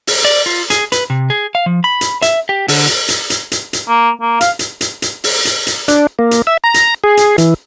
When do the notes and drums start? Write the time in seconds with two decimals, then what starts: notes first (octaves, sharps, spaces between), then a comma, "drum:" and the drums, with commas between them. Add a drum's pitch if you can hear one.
0.07 drum: open hi-hat
0.25 D5
0.46 F4
0.70 G#4, drum: hi-hat
0.92 B4, drum: hi-hat
1.10 C3
1.30 G#4
1.55 F5
1.66 F3
1.84 B5
2.01 drum: hi-hat
2.22 E5, drum: hi-hat
2.49 G4
2.68 D3, drum: open hi-hat
2.87 drum: hi-hat
3.09 drum: hi-hat
3.30 drum: hi-hat
3.52 drum: hi-hat
3.73 drum: hi-hat
3.88 A#3
4.21 A#3
4.41 F5, drum: hi-hat
4.59 drum: hi-hat
4.81 drum: hi-hat
5.02 drum: hi-hat
5.24 drum: open hi-hat
5.45 drum: hi-hat
5.67 drum: hi-hat
5.88 D4, drum: hi-hat
6.19 A#3
6.31 drum: hi-hat
6.47 E5
6.64 A#5
6.74 drum: hi-hat
7.04 G#4
7.17 drum: hi-hat
7.38 E3, drum: hi-hat